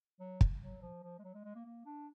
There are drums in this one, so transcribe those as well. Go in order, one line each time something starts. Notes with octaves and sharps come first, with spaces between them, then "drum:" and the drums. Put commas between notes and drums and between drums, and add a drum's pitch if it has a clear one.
F#3
drum: kick
F#3
F3
F3
G#3
F#3
G#3
G#3
A#3
A#3
D4